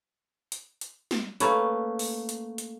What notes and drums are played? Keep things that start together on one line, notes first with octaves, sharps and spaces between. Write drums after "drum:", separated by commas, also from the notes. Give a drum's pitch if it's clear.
drum: hi-hat
drum: hi-hat
drum: snare
A3 A#3 C#4 B4, drum: hi-hat
drum: open hi-hat
drum: hi-hat
drum: hi-hat